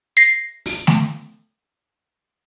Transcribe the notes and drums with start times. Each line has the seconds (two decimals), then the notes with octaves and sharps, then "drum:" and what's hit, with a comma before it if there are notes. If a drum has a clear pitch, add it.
0.17 A#6 C7
0.66 drum: open hi-hat
0.87 drum: snare A3